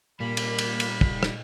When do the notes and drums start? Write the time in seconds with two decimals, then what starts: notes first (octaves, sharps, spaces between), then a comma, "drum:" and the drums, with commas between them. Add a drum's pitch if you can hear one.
0.20 A#2 G3 A#3 B5
0.37 drum: cymbal
0.58 drum: cymbal
0.80 drum: cymbal
1.01 D#1, drum: kick
1.23 drum: rim click